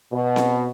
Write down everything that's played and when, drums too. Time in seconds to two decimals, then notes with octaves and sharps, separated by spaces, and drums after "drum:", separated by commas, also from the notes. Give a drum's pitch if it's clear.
0.12 B2
0.36 drum: snare C4